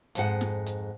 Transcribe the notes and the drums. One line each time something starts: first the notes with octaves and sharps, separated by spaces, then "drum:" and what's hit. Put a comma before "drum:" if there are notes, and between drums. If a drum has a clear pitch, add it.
F2 G#2 F#5, drum: hi-hat
drum: snare
drum: hi-hat